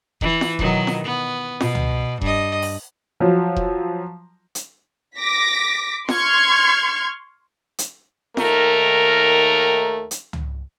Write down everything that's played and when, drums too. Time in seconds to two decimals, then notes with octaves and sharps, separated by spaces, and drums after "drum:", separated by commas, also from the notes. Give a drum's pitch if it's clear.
0.21 E3, drum: kick E1
0.41 drum: snare F4
0.59 B2 D#3 F#3, drum: kick E1
0.87 drum: snare F4
1.05 B3
1.60 B2, drum: snare F4
1.75 drum: tom
2.21 G2 D#5, drum: kick E1
2.62 drum: open hi-hat
3.20 F3 F#3
3.56 drum: kick E1
4.55 drum: hi-hat
5.16 D6 A#6 B6
6.09 C6 C#6 F6 G#6, drum: snare F4
7.78 drum: hi-hat
8.37 D#2 D#3 A3 A#4, drum: snare F4
10.11 drum: hi-hat
10.33 drum: tom